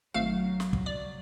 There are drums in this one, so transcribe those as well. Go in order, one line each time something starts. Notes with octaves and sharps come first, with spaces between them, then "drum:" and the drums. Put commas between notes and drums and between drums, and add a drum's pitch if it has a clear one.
G#1 F#3 A3 F5
drum: snare
drum: kick
D5